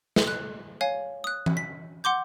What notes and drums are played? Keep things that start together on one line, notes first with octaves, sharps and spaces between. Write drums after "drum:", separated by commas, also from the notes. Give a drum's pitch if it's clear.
drum: snare
F#6
C#5 F5 G#5
D#6 F#6
drum: tom E3
B6
F#5 C6 D6 G6